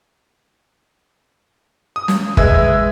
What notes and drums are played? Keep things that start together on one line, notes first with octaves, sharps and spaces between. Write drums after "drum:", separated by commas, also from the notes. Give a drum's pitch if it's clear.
D#6
drum: snare
G#3 B4 E5 E6 G#6, drum: kick